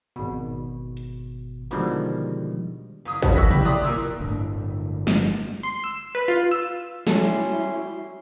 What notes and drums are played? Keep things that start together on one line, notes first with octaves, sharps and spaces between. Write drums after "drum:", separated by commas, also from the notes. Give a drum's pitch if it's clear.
G#1 B2, drum: tambourine
drum: hi-hat
B2 D3 D#3 F3 G3 G#3, drum: hi-hat
F#1 D#6
C#4 F4 F#4 A4 B4, drum: kick
C#6 E6 F#6 A#6 B6
E4 G4 B5, drum: tom C3
D5 E5 A#5 C6 D#6 F#6
A#2 E3 A#4 E6
G1 A2 D3
drum: snare
C6, drum: hi-hat
E6
B4
F4
E6, drum: hi-hat
G3 C#4 E4 F#4 A4 C6, drum: snare